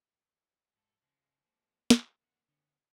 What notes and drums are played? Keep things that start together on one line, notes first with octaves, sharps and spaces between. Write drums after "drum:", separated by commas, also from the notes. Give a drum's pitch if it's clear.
G#2 F3 A4
C#3 F3 G#3
A#3 C4
drum: snare
D#3 D#5 F#5
D3 B3 C#4